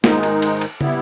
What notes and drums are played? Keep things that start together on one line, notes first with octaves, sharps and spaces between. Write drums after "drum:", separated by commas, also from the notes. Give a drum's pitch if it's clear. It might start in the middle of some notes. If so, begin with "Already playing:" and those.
G#2 D#3 G#3 D#4, drum: snare
drum: cymbal
drum: cymbal
drum: cymbal
G3 B3 E4, drum: tom